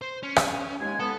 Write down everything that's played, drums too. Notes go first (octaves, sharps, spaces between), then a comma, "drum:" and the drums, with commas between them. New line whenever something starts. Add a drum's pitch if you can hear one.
C5
C#4
drum: rim click
D#2 G#3 G#5
B3 A4